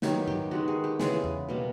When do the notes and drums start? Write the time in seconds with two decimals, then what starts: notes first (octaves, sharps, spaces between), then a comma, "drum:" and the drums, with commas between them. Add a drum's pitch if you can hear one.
0.02 D#3 F#3 B3 G4, drum: snare
0.27 G4, drum: tom G#2
0.51 D#3 G#3 B3 F#4
0.68 G#4
0.84 G4
0.99 C#3 E3 G#3 B3 G#4, drum: snare
1.24 drum: tom E2
1.49 B2 G3 A#3